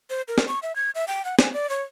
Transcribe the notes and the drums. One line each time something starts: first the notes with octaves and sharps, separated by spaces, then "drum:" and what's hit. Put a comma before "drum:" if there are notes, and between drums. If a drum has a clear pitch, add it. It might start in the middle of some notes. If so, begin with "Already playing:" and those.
C5
A#4
drum: snare
C#6
E5
G#6
E5
G5
F#5
G#5, drum: snare
D5
C#5